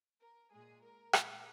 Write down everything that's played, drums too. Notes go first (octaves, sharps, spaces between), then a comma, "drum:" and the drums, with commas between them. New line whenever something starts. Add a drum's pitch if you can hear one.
A#4
A#2 G#3 G#4
A#4
A#2 G#3, drum: rim click